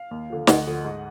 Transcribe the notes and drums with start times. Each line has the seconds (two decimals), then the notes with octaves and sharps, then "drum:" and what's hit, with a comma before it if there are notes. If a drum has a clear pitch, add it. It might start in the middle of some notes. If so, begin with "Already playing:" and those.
Already playing: F5
0.11 D#2
0.30 D3 F3
0.47 D2 D#5 F#5, drum: snare
0.67 D3 F3
0.84 G#2